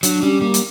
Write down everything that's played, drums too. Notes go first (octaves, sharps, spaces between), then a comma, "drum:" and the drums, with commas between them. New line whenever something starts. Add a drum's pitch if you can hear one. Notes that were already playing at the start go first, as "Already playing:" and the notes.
F#3 D4, drum: hi-hat
G3 C#4
G3 A#3
drum: hi-hat